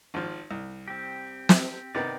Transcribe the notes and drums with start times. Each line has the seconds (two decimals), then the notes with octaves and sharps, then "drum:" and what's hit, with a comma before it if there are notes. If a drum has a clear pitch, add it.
0.14 G#1 F3
0.51 C2
0.88 C4 G4
1.49 drum: snare
1.95 C3 D#3 B3 D5